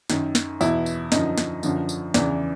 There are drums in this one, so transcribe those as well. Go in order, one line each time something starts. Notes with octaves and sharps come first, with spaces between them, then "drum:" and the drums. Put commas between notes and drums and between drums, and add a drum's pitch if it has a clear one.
F#2 D#3, drum: snare
drum: snare
E2 B2 E4, drum: tambourine
drum: tambourine
F#2 D3 F3 D#4, drum: snare
drum: snare
F#2 D3 F3, drum: tambourine
drum: tambourine
E2 C#3 E3 D4, drum: snare